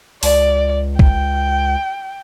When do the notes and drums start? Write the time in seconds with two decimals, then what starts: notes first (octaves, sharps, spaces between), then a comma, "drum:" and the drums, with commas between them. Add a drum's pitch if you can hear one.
0.23 C#2 D5, drum: open hi-hat
0.99 G5, drum: kick